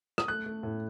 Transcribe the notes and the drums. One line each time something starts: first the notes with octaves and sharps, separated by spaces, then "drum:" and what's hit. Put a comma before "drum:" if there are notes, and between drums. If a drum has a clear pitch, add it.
D#6, drum: rim click
A3 F#6
A3
A2